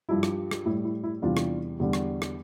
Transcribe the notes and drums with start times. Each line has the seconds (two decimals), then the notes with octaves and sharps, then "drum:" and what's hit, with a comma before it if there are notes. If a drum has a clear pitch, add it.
0.09 G2 F3 E4
0.23 drum: rim click
0.51 drum: rim click
0.66 A2 G3 E4
0.84 E4
1.03 E4
1.22 E2 C3 E3 G3 D4 F4
1.37 drum: rim click
1.80 E2 D3 G3
1.93 drum: rim click
2.22 drum: rim click